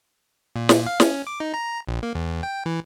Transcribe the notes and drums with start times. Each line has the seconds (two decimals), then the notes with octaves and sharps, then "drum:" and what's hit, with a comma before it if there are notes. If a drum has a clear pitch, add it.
0.56 A#2
0.69 drum: snare
0.86 F5
1.00 C#4, drum: snare
1.27 D6
1.40 D#4
1.54 A#5
1.88 A#1
2.03 A#3
2.15 E2
2.43 G5
2.66 E3